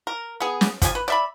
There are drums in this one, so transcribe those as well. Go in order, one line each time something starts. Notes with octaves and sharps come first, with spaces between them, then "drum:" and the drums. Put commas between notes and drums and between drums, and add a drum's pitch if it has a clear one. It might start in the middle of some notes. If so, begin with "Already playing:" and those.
A#4
B3 G#4
drum: snare
F3 G3 G#5, drum: kick, hi-hat
B4
D5 E5 B5